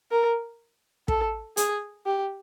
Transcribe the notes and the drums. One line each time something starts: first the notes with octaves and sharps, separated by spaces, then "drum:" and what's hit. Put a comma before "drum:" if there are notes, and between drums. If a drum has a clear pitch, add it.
A#4
A4, drum: kick
G#4, drum: hi-hat
G4